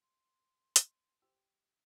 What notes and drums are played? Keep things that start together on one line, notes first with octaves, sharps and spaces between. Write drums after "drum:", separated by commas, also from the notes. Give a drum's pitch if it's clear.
C6
drum: hi-hat
G4 C5 E6